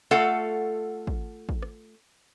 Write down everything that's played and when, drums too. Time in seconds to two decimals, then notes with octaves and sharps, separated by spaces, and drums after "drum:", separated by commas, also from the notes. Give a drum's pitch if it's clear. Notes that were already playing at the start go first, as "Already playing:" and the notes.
0.11 A3 F4 A4 F#5
1.07 drum: kick
1.49 drum: kick
1.62 drum: rim click